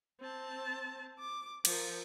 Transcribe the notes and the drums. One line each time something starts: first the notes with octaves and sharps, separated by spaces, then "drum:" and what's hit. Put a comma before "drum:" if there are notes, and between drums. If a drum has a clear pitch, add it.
C4 A5
D6
F3 A#4, drum: cymbal